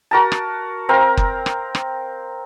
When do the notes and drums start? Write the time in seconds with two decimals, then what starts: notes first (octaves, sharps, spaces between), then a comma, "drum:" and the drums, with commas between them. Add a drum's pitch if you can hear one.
0.11 F#4 A#4 A5
0.32 drum: rim click
0.89 C4 A#4 F5 A#5
1.17 drum: kick F#1
1.46 drum: rim click
1.75 drum: rim click